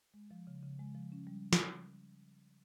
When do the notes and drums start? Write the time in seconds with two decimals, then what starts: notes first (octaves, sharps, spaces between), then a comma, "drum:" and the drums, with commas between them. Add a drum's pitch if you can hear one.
0.14 G#3
0.31 F3
0.47 C#3
0.63 C#3
0.79 G#3
0.95 F3
1.12 C#4
1.27 G3
1.53 drum: snare